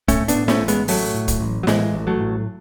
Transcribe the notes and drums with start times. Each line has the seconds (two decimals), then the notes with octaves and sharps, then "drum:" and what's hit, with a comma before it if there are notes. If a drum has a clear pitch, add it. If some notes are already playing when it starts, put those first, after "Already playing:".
0.08 A2 A3 C#4, drum: kick, hi-hat
0.28 B3 D4, drum: hi-hat
0.35 A2
0.48 A3 C#4, drum: snare
0.62 A1
0.68 G#3 B3, drum: hi-hat
0.88 A2 F#3 A3, drum: open hi-hat
1.14 A2
1.28 drum: kick, hi-hat
1.41 A1
1.63 F#3
1.67 A2 E3 G#3, drum: snare
1.94 A1
2.07 F#3 A3
2.21 A2